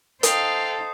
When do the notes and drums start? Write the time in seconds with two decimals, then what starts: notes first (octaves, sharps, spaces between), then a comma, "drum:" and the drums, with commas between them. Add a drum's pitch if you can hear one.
0.23 D#4 A4 C5 F5 G5 D#6 G6, drum: hi-hat